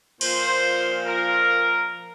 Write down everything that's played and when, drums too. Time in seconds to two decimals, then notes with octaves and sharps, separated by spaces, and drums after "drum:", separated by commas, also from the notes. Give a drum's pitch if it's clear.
0.21 A#2 F3 C5, drum: cymbal
1.06 A#4